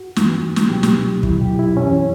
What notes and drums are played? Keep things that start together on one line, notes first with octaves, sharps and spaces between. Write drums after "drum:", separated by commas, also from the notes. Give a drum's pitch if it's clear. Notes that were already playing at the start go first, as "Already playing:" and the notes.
Already playing: F#4
G2 E3, drum: snare
drum: snare
C#2 B2 F#3 G4
drum: snare
E2 B2 F#3 E4, drum: kick
G4
E4
F#2 E3 C#4